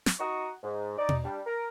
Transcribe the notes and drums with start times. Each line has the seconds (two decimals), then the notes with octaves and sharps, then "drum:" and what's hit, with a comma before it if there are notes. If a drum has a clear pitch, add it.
0.06 drum: snare
0.18 D#4 F#4 A#5 C#6 D#6
0.63 G#2
0.98 D#4 D5
1.09 drum: tom B2
1.24 G3 D4
1.46 A#4